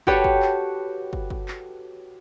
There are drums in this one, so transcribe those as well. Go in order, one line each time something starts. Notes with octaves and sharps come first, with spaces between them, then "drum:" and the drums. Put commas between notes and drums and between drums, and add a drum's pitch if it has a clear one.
F#4 G4 A4 B4 C#5, drum: kick
drum: kick
drum: clap
drum: kick
drum: kick
drum: clap